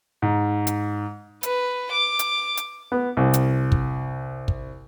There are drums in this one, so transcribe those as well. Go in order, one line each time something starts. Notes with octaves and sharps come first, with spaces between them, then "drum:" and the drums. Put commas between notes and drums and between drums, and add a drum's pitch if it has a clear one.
G#2
drum: hi-hat
B4, drum: hi-hat
D6
drum: hi-hat
drum: hi-hat
B3
C2
drum: hi-hat
drum: kick
drum: kick